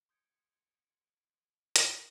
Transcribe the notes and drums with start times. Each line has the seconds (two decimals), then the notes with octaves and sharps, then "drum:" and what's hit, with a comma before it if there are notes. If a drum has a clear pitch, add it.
0.09 C6 D#6 G6 G#6 C#7 D7
1.76 drum: hi-hat